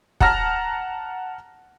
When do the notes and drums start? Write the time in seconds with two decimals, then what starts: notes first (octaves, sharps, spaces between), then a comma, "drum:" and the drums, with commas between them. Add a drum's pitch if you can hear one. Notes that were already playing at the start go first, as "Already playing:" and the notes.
0.20 F#5 A5 A#5 F6 A#6, drum: kick